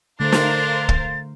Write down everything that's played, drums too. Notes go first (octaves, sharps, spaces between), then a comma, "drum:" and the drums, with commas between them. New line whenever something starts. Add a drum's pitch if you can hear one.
D3 A3 D4 A#4 C5 F5 A6
drum: snare
drum: kick